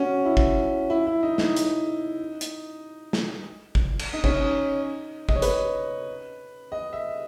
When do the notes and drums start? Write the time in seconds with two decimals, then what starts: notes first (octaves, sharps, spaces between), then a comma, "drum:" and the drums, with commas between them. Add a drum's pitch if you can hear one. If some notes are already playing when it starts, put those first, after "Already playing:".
Already playing: C#4 F#4
0.25 E4
0.37 drum: kick
0.90 E4
1.07 E4
1.23 D#4
1.38 D#4, drum: snare
1.56 drum: hi-hat
2.41 drum: hi-hat
3.13 drum: snare
3.75 drum: kick
3.99 drum: cymbal
4.13 D#4
4.24 C#4, drum: kick
4.35 D#4
5.29 D#5, drum: kick
5.35 C#5
5.42 B4, drum: hi-hat
6.72 D#5
6.93 E5